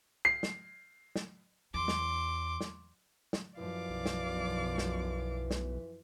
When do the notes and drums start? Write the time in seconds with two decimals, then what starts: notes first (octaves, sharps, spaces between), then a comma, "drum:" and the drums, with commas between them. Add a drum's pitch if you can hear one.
0.25 C7
0.43 drum: snare
1.16 drum: snare
1.74 E2 C6 D6
1.88 drum: snare
2.61 drum: snare
3.33 drum: snare
3.58 F#2 E3 F3 D5 F5 D6
3.90 B1
4.06 drum: snare
4.78 drum: snare
5.51 drum: snare